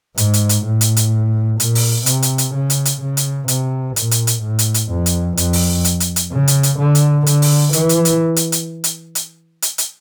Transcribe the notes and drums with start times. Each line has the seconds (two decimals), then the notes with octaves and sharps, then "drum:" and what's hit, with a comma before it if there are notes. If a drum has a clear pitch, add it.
0.18 G#2, drum: hi-hat
0.34 drum: hi-hat
0.49 drum: hi-hat
0.65 A2
0.81 drum: hi-hat
0.97 drum: hi-hat
1.60 A#2, drum: hi-hat
1.75 drum: open hi-hat
2.06 C3, drum: hi-hat
2.22 drum: hi-hat
2.38 drum: hi-hat
2.54 C#3
2.70 drum: hi-hat
2.85 drum: hi-hat
3.01 C#3
3.17 drum: hi-hat
3.48 C3, drum: hi-hat
3.96 A#2, drum: hi-hat
4.11 drum: hi-hat
4.27 drum: hi-hat
4.42 A2
4.59 drum: hi-hat
4.74 drum: hi-hat
4.90 F2
5.06 drum: hi-hat
5.37 F2, drum: hi-hat
5.53 drum: open hi-hat
5.85 drum: hi-hat
6.00 drum: hi-hat
6.16 drum: hi-hat
6.32 C#3
6.48 drum: hi-hat
6.63 drum: hi-hat
6.79 D3
6.95 drum: hi-hat
7.26 D3, drum: hi-hat
7.42 drum: open hi-hat
7.73 E3, drum: hi-hat
7.89 drum: hi-hat
8.05 drum: hi-hat
8.36 drum: hi-hat
8.52 drum: hi-hat
8.84 drum: hi-hat
9.15 drum: hi-hat
9.62 drum: hi-hat
9.78 drum: hi-hat